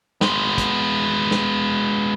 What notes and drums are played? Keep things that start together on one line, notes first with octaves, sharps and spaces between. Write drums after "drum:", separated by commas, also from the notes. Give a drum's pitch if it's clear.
G#3 B3, drum: snare
drum: kick, hi-hat
drum: snare